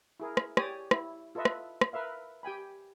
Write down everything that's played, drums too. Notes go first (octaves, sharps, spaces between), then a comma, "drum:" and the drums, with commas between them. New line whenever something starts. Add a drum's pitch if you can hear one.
E4 G#4 A#4
drum: rim click
G4 C#5 D5 G#5 D#6, drum: rim click
E4, drum: rim click
F4 A4 B4 D#5 E5
drum: rim click
drum: rim click
A#4 B4 E5 F5
G4 G5 G#5 B5